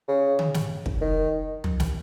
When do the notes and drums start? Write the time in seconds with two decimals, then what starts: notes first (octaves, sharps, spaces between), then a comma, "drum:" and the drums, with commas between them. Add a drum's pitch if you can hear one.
0.08 C#3
0.39 drum: tom D3
0.54 drum: snare
0.86 drum: kick
1.01 D#3
1.64 drum: tom
1.80 drum: snare